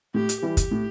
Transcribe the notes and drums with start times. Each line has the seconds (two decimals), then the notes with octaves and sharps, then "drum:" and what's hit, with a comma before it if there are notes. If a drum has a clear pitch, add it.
0.14 A2 G4
0.29 drum: hi-hat
0.43 E3 G3 G4
0.57 drum: kick, hi-hat
0.71 A2